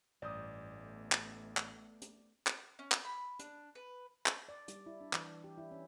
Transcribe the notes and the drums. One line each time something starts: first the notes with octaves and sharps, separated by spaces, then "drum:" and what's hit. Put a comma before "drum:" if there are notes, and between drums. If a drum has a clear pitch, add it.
A1 G2 D5 D#6 G6
A3 B3
drum: clap
drum: clap
drum: hi-hat
drum: clap
C#4
drum: clap
B5
D4, drum: hi-hat
B4
drum: clap
D5
G3, drum: hi-hat
E4
D4
E3, drum: clap
G4
E4
C#4